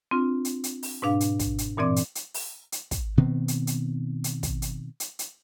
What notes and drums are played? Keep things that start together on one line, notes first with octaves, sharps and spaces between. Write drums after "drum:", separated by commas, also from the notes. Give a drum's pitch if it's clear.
C4 D4 F4
drum: hi-hat
drum: hi-hat
drum: open hi-hat
G#2 B2 D4 F5
drum: hi-hat
drum: kick, hi-hat
drum: hi-hat
G2 A#2 E3 C4 D5 D6
drum: hi-hat
drum: hi-hat
drum: open hi-hat
drum: hi-hat
drum: kick, hi-hat
B2 D#3 B3 C4
drum: hi-hat
drum: hi-hat
drum: hi-hat
drum: kick, hi-hat
drum: hi-hat
drum: hi-hat
drum: hi-hat